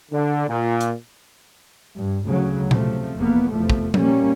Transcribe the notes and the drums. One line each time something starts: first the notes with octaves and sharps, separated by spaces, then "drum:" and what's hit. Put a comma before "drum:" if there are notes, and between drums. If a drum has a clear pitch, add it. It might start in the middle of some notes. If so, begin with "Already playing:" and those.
D3
A#2
drum: hi-hat
G2
D2 C#3 F#3
C3 F3 A3, drum: tom A#2
F1 E2 A#3 B3
F1 E2 F3 A3
drum: kick
A#2 G3 A#3 C#4, drum: tom F3